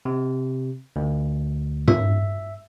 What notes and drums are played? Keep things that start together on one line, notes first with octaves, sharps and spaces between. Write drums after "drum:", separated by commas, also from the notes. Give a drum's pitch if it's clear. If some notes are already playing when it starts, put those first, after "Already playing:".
C3
D2
E5, drum: tom